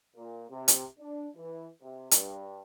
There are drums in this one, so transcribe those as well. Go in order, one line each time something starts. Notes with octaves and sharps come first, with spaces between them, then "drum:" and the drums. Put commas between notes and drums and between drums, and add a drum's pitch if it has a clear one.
A#2
C3
drum: hi-hat
D4
E3
C3
G2, drum: hi-hat